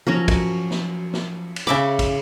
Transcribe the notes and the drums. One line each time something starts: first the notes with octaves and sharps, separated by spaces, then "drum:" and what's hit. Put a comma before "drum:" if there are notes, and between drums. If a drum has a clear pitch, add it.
F3 F#3 C#4 F#4 A#4
drum: kick, cymbal
drum: snare
drum: snare
drum: cymbal
C#3 E5 B5 D6
drum: kick, cymbal